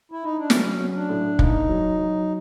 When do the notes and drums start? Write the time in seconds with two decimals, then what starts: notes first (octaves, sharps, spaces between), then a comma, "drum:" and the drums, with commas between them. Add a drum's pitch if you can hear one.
0.12 E4
0.24 D#4
0.38 D4
0.50 F#3 C#4, drum: snare
0.80 F#3
0.90 C#4
0.95 D4
1.09 A2
1.39 A#3 D#4, drum: kick
1.69 F#3
1.98 F#3